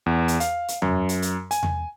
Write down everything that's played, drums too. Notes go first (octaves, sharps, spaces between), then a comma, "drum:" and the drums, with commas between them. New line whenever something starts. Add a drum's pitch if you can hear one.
E2
drum: hi-hat
F5, drum: hi-hat
drum: hi-hat
F#2, drum: tom E2
drum: hi-hat
drum: hi-hat
G#5, drum: hi-hat
drum: tom E2